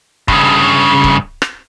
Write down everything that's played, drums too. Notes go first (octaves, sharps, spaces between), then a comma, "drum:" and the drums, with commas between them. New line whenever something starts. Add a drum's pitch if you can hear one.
G2 C#3, drum: kick
drum: kick
drum: rim click